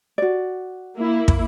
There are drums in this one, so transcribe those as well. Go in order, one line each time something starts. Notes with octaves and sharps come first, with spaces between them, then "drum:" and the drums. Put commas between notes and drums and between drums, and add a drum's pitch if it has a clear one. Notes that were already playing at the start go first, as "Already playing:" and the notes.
F#4 D5
A#3 E4
drum: kick